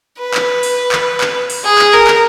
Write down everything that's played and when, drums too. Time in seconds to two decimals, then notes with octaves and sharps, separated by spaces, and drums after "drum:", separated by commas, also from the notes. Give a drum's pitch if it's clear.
0.20 B4
0.34 drum: clap
0.63 drum: open hi-hat
0.92 drum: clap
1.21 drum: clap
1.50 drum: open hi-hat
1.65 G#4
1.79 drum: clap
1.94 A#4
2.07 drum: clap